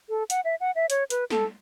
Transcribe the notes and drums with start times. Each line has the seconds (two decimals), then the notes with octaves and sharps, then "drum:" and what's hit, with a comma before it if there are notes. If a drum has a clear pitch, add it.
0.09 A4
0.30 F#5, drum: hi-hat
0.45 E5
0.60 F#5
0.75 E5
0.90 C#5, drum: hi-hat
1.10 B4, drum: hi-hat
1.30 A4, drum: snare